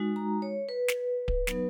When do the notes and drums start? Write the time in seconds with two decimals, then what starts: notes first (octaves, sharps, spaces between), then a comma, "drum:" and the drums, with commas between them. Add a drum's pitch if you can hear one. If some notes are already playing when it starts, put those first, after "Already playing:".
Already playing: G#3 D#4 F#4
0.16 A#5
0.42 C#5
0.69 B4
0.88 drum: snare
1.28 drum: kick D1
1.47 F#3 B3 D#4, drum: snare